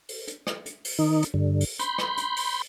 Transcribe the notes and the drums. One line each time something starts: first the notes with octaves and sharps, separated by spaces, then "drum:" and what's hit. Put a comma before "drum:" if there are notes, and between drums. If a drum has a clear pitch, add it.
drum: open hi-hat
drum: hi-hat
drum: rim click
drum: hi-hat
drum: open hi-hat
D#3 D#4
drum: hi-hat
G2 D3
drum: open hi-hat
B5 C6 G6, drum: hi-hat
drum: rim click
drum: hi-hat
drum: open hi-hat